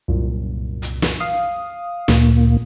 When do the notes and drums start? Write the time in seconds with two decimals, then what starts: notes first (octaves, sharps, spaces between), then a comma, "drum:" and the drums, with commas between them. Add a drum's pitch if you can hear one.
0.08 C2 F#2 A#2
0.82 drum: hi-hat
1.02 drum: snare
1.20 F5 D#6
2.08 D2 A#2 A#3, drum: snare